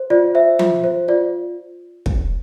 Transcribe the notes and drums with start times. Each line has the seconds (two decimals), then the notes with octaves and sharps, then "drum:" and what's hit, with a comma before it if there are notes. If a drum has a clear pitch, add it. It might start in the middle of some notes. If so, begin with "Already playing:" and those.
Already playing: C5
0.10 F4 D5
0.35 C5 E5
0.59 F4, drum: tom F3
0.84 C5
1.08 F4 D5
2.06 drum: kick